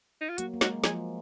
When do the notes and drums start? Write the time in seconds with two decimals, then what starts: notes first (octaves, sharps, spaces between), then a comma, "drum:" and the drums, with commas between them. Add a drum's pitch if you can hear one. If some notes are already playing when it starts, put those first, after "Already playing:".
0.21 D#4
0.29 F4
0.38 F#3 A#3 F#4, drum: hi-hat
0.53 A#3
0.61 G#3 F#4, drum: snare
0.84 F3 G#4, drum: snare